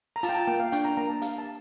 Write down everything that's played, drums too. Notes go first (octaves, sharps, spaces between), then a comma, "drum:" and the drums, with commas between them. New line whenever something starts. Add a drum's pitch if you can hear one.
A#5
F4 A5, drum: hi-hat
G5
A5
A#3 G5
F5
D4 G5, drum: hi-hat
A#5
A#3 A#5
A5
G4 F5, drum: hi-hat
A5